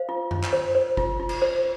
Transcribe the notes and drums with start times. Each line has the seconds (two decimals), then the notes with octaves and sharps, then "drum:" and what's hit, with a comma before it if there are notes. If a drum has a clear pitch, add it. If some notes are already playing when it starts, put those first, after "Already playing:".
Already playing: C5 F5
0.09 F4
0.31 F4, drum: tom F#2
0.44 drum: clap
0.53 C5
0.75 C5
0.97 F4, drum: kick
1.20 F4
1.29 drum: cymbal
1.42 C5